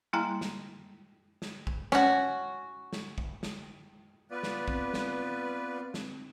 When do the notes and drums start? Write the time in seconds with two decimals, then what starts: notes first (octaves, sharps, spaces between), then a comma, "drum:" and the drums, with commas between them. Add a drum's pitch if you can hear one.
0.13 G3 A#3 E4 G5 G#5 A#5
0.41 drum: snare
1.42 drum: snare
1.67 drum: kick
1.92 C#4 F#4, drum: snare
2.93 drum: snare
3.18 drum: kick
3.43 drum: snare
4.31 B3 F4 B4 D5
4.43 drum: snare
4.68 C4, drum: kick
4.94 drum: snare
5.94 drum: snare